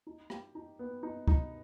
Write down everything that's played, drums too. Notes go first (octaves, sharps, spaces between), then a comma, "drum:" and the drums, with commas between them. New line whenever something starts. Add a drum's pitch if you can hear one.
D#4
G4, drum: rim click
D#4
B3
D#4
D#4, drum: kick